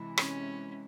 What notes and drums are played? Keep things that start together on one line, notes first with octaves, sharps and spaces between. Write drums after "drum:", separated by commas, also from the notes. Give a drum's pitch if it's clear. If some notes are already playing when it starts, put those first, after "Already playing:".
Already playing: C3 E3 G#3 E4
C#4, drum: rim click